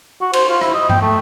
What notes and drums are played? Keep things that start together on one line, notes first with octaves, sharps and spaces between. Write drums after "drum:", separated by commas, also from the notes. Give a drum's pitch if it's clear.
F#4
C5, drum: cymbal
F4
E4, drum: rim click
D#5
G5, drum: tom G2
A3